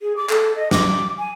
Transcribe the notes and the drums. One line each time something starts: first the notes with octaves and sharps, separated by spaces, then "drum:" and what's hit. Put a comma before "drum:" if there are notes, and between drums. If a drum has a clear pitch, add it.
G#4
D6
A4, drum: clap
D#5
D6, drum: snare
G#5